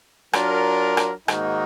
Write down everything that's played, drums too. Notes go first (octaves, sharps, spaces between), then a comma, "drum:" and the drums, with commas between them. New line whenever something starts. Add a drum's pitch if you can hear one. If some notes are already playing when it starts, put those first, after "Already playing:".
F#3 D4 F4 A#4, drum: rim click
drum: rim click
G#2 D#3 A#3 D#4 F#4, drum: rim click